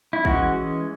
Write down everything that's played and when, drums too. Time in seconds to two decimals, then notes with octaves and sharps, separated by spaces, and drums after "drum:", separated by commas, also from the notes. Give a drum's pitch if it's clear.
0.13 E4
0.25 E3 G#3 C#4 F#4, drum: kick